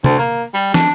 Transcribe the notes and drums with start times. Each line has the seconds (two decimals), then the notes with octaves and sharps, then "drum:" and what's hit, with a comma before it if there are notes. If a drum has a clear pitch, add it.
0.04 D2, drum: tom C3
0.19 A#3
0.54 G3
0.74 D4, drum: snare